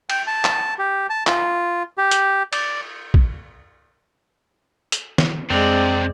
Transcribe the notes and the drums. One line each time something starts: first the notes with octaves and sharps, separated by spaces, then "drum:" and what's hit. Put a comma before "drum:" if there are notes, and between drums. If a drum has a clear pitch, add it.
G5, drum: cymbal
A5
drum: clap
G4
A5
F4, drum: clap
G4
drum: hi-hat
D5, drum: cymbal
drum: kick
drum: hi-hat
drum: snare
F2 C3 G#3 C4 D4 D5